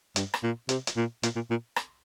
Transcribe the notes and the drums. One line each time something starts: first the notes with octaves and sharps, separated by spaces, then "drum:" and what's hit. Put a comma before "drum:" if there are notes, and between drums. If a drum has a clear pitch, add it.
G2, drum: hi-hat
drum: rim click
A#2
C3, drum: hi-hat
drum: hi-hat
A#2
A#2, drum: hi-hat
A#2
A#2
drum: rim click